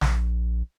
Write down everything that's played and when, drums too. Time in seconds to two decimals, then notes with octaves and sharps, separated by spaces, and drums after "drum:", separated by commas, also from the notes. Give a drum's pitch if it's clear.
0.01 A#1, drum: snare